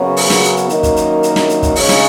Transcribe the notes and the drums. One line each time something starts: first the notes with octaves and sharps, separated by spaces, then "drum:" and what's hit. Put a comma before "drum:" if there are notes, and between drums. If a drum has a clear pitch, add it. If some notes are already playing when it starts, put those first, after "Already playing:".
Already playing: F#2 C#3 F#3 B3
G#4, drum: open hi-hat
drum: snare
drum: hi-hat
drum: hi-hat
F#2 D#3 A#3 D#4, drum: hi-hat
drum: kick, hi-hat
drum: hi-hat
A#4, drum: hi-hat
drum: snare
drum: hi-hat
drum: kick, hi-hat
C#3 G#3 D#4 C#5, drum: open hi-hat
drum: snare